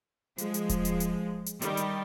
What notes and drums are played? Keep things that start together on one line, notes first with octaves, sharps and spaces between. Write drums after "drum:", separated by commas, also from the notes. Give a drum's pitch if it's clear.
F3 G#3, drum: hi-hat
drum: hi-hat
drum: kick D#1, hi-hat
drum: hi-hat
drum: hi-hat
drum: hi-hat
D#3 G3, drum: hi-hat
drum: hi-hat